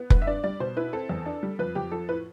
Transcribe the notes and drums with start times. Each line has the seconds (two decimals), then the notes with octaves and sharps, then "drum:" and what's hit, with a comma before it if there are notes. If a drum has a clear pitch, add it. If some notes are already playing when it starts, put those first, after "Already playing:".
Already playing: B3
0.10 G2 B4, drum: kick F1
0.22 E5
0.27 D4 D5
0.44 G3 D5
0.60 B2 C5
0.77 E4 B4
0.93 C4 A4
1.09 E2
1.26 D4
1.43 G3
1.59 F2 B4
1.75 F2 G4
1.92 F3 A4
2.09 A2 B4